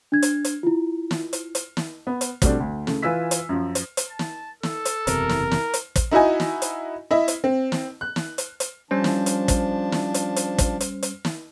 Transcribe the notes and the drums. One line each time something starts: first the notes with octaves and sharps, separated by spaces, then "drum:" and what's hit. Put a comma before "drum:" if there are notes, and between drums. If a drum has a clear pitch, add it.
D4 G#6
drum: hi-hat
drum: hi-hat
E4 F4
drum: snare
drum: hi-hat
drum: hi-hat
drum: snare
B3
drum: hi-hat
B2 G3 A3 C4 D4, drum: kick, hi-hat
D2
C#3 A3, drum: snare
E3 F4 B4 G#5 E6 B6
drum: hi-hat
F#2 F3
drum: hi-hat
drum: hi-hat
A5
drum: snare
A4, drum: snare
drum: hi-hat
F#1 E2 C3 A#4, drum: hi-hat
drum: snare
drum: snare
drum: hi-hat
drum: kick, hi-hat
D#4 E4 F#4 D#5 G#5
drum: snare
drum: hi-hat
E4 D#5 E5
drum: hi-hat
C4
drum: snare
F#6
drum: snare
drum: hi-hat
drum: hi-hat
F3 G3 C#4 D4 C5 A5
drum: snare
drum: hi-hat
drum: kick, hi-hat
drum: snare
drum: hi-hat
drum: hi-hat
drum: kick, hi-hat
drum: hi-hat
drum: hi-hat
drum: snare